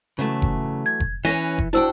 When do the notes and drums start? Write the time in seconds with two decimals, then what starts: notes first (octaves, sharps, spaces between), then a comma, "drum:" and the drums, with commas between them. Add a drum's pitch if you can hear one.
0.19 C#3 E3 F#3 A3
0.42 drum: kick F1
0.86 G#6
1.00 drum: kick F1
1.25 E3 C#4 B4 C#5 A#6 D#7
1.58 drum: kick F1
1.73 D4 E4 F#4 C5 G5 E6